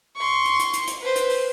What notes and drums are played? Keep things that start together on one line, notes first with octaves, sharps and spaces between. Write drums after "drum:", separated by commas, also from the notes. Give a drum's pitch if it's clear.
C6 C#6
drum: hi-hat
drum: hi-hat
drum: hi-hat
drum: hi-hat
B4 C5
drum: hi-hat
drum: open hi-hat